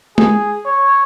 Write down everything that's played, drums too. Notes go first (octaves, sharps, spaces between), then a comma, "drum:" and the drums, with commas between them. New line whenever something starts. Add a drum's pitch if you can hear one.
G#4, drum: tom G#3
C#5